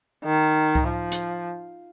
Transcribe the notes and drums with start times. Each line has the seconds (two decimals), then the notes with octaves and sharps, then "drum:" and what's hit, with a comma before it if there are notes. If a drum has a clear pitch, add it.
0.24 D#3
0.75 drum: kick C#2
0.88 F3
1.12 drum: hi-hat